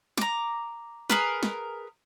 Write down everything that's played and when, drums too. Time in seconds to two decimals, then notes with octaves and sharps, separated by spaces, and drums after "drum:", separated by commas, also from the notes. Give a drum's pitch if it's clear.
0.18 A#5 D6, drum: snare
1.10 G#4 A#4 B4, drum: snare
1.43 drum: snare